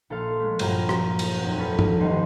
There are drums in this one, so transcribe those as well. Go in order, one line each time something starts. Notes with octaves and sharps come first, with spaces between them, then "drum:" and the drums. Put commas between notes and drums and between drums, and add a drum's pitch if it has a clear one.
A#1 A4 E5 F5 C6
G#3 A3
A#1 G2 F#3 F4 F#4 A#5, drum: cymbal
drum: rim click
drum: cymbal
F1 C4 F#5
C#4 F4 A4 B4
drum: tom
D#1 A1 G3 D#4 C6